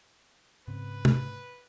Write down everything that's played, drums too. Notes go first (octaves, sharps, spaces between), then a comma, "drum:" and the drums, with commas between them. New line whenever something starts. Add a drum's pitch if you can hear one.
G#2 C#3 C4 B4
drum: tom